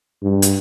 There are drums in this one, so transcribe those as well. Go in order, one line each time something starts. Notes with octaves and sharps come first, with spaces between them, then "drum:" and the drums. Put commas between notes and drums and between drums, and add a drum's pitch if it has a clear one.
G2
drum: hi-hat